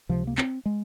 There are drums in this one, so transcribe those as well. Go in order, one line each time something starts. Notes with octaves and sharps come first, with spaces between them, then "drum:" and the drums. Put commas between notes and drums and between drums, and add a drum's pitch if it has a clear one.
C#2 C3 F3
A#3
C4, drum: clap
G#3